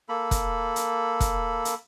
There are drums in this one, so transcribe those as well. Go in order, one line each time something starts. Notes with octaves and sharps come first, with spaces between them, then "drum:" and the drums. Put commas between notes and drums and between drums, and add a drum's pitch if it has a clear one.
A#3 A4 B5
drum: kick, hi-hat
drum: hi-hat
drum: kick, hi-hat
drum: hi-hat